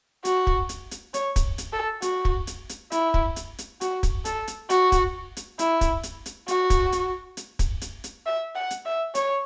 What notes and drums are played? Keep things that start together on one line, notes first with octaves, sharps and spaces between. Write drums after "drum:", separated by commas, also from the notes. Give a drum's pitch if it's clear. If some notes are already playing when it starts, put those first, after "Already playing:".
F#4, drum: hi-hat
drum: kick
drum: hi-hat
drum: hi-hat
C#5, drum: hi-hat
drum: kick, hi-hat
drum: hi-hat
A4
F#4, drum: hi-hat
drum: kick
drum: hi-hat
drum: hi-hat
E4, drum: hi-hat
drum: kick
drum: hi-hat
drum: hi-hat
F#4, drum: hi-hat
drum: kick, hi-hat
A4, drum: hi-hat
drum: hi-hat
F#4, drum: hi-hat
drum: kick, hi-hat
drum: hi-hat
E4, drum: hi-hat
drum: kick, hi-hat
drum: hi-hat
drum: hi-hat
F#4, drum: hi-hat
drum: kick, hi-hat
drum: hi-hat
drum: hi-hat
drum: kick, hi-hat
drum: hi-hat
drum: hi-hat
E5
F#5
drum: hi-hat
E5
C#5, drum: hi-hat